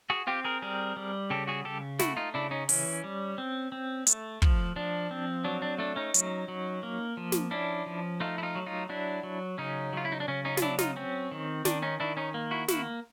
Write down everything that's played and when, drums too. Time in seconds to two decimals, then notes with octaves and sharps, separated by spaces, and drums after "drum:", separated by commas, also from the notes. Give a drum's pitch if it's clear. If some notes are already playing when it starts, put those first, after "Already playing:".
0.10 F#4 G#4
0.27 C4 F4 G4
0.44 G#4 A#4
0.62 G3 G#4 A#4
0.96 G3
1.30 C#3 G4 A4
1.47 F#4 G#4
1.65 C#3 G4 A4
1.99 A3 E4 F#4, drum: snare
2.17 D#4 F4
2.34 C#3 D4 E4
2.51 C#4 D#4
2.69 E3 C#4, drum: open hi-hat
3.04 G3
3.38 C4
3.72 C4
4.07 A3, drum: hi-hat
4.42 F3, drum: kick
4.76 F3 D4
5.11 C4
5.44 F#3 D4
5.62 D4
5.79 A3 D4
5.96 C#4 D#4
6.14 F#3, drum: hi-hat
6.48 F#3
6.83 A#3
7.17 F3
7.32 drum: snare
7.51 C#4 D4 E4
7.86 F3
8.20 A3 D#4 F4
8.38 E4
8.43 D#4 F4
8.55 F#3
8.66 D#4 F4
8.89 F#3 D4 E4
9.23 F#3
9.58 C#3 C#4 D#4
9.93 F#3 F4
10.05 E4
10.12 D#4
10.20 D4
10.28 C#3 C#4
10.45 C#4 D#4
10.57 F4, drum: snare
10.62 F#3 D4 E4
10.79 D#4 F4, drum: snare
10.96 C4 C#4
11.32 D#3
11.65 D#3 D4, drum: snare
11.82 C#4 D#4
12.00 D#3 D4 E4
12.17 C#4 D#4
12.34 A#3
12.51 E4 F#4
12.68 A#3 E4 F#4, drum: snare